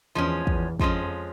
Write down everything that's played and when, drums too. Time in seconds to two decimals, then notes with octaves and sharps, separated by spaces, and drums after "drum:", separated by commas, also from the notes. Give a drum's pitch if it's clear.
0.15 E2 F3 G#3 C#4
0.47 E2, drum: kick
0.80 F2 F3 G#3 C#4, drum: kick